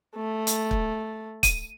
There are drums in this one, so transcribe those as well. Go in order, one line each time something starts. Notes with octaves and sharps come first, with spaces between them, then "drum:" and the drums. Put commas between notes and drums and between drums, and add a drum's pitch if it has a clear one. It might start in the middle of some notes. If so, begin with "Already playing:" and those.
A3
drum: hi-hat
drum: kick
D#7, drum: kick, hi-hat